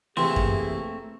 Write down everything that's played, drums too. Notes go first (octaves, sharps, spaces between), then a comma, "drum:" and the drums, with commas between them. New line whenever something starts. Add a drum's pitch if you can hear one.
C3 E3 A3 A#3 C4 G#4 C6
drum: kick F#2